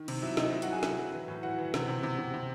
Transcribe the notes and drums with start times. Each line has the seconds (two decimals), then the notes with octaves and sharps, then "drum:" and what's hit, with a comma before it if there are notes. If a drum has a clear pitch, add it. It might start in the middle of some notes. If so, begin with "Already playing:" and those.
Already playing: D#3
0.08 C3, drum: cymbal
0.22 F#3 E4 E5
0.37 C3 D#4 D#5, drum: snare
0.52 F#3 E4 E5
0.62 F#4 F#5, drum: hi-hat
0.67 F#3 G#4 G#5
0.83 C3 E4 E5, drum: snare
0.97 F#3
1.13 E3
1.28 A2
1.43 E3 F#4 F#5
1.58 E3
1.74 C3, drum: snare
1.88 C3
2.03 C3
2.18 C3
2.34 C3